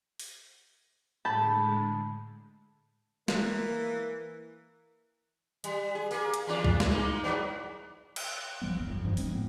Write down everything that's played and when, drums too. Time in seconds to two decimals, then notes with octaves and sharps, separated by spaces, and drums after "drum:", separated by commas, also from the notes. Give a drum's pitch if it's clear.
0.20 drum: open hi-hat
1.25 A2 D3 G#3 A5 B5 G6
3.28 E3 A#3 A#4, drum: snare
5.64 G3, drum: hi-hat
5.95 G#4
6.11 A#3 G#4, drum: open hi-hat
6.34 drum: hi-hat
6.47 E2 D4 F4
6.64 drum: kick
6.80 drum: snare
6.89 G#3 A#3 D#4
7.24 G#2 F#3 B3
8.16 drum: cymbal
8.61 A#1 F3 G3 B3
8.76 F#1 E2
8.90 G1 F2
9.04 A1 G2 D3 F3
9.17 D#1 F3 G#3 C4, drum: open hi-hat
9.34 A2 B3